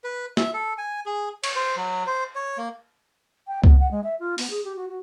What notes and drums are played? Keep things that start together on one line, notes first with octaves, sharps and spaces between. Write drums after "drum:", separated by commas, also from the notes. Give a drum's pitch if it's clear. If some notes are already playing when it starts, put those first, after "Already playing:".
B4
E5, drum: snare
A4
G#5
G#4
C#5, drum: cymbal
C5
F#3
C5
C#5
A#3
G5
B3, drum: kick C#2
F#5
G#3
E5
F4
B3, drum: open hi-hat
G#4
G4
F#4
F#4